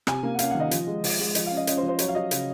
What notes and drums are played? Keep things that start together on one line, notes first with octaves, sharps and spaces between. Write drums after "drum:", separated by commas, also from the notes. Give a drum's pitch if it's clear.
C3 G#5, drum: rim click
A#3
F#5
C#4 F5, drum: hi-hat
F#5
D#3
D#5
F3, drum: hi-hat
G#3
F3, drum: open hi-hat
G#3
F3 D#5, drum: hi-hat
F5
C#4
D#5
C#4 D#5, drum: hi-hat
C5
F3
C5
F#3 C#5, drum: hi-hat
F5
F#3 D#5
C#3 F5, drum: hi-hat